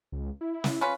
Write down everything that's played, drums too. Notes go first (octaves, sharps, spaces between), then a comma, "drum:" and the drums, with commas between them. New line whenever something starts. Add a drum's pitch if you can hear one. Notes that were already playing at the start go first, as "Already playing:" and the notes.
C#2
E4
drum: snare
C#4 F4 B4